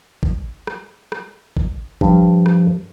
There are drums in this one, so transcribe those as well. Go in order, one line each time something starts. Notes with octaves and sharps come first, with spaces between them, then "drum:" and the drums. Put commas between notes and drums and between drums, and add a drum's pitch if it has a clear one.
drum: kick G#1
drum: rim click
drum: rim click
drum: kick G#1
G2 F3, drum: kick G#1
drum: rim click